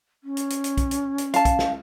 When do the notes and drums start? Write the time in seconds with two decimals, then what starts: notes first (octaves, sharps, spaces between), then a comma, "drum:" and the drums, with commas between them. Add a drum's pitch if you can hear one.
0.23 C#4
0.37 drum: hi-hat
0.50 drum: hi-hat
0.64 drum: hi-hat
0.77 drum: kick B1, hi-hat
0.91 drum: hi-hat
1.18 drum: hi-hat
1.34 F5 A5, drum: hi-hat
1.45 drum: kick B1, hi-hat
1.59 drum: snare